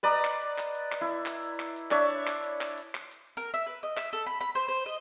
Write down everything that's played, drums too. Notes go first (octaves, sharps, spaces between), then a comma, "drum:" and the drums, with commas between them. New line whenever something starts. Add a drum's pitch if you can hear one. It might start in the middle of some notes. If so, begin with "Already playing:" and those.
B4 D5 D#5 A#5
drum: clap
drum: tambourine
drum: clap
drum: tambourine
drum: clap
E4
drum: clap
drum: tambourine
drum: clap
drum: tambourine
D4 C#5 E5, drum: clap
drum: tambourine
drum: clap
drum: tambourine
drum: clap
drum: tambourine
drum: clap
drum: tambourine
A#4
E5
B4
D#5
E5, drum: clap
A4, drum: tambourine
B5
B5
C5
C5
D#5